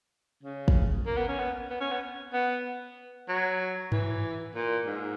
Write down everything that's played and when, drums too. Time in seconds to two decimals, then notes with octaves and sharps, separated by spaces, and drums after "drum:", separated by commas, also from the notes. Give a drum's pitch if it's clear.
0.43 C#3
0.68 drum: kick
1.06 A#3
1.17 B3
1.28 C#4
1.38 B3
1.70 B3
1.81 C#4
1.91 B3
2.33 B3
3.29 F#3
3.92 E3, drum: tom G2
4.55 A#2
4.86 G#2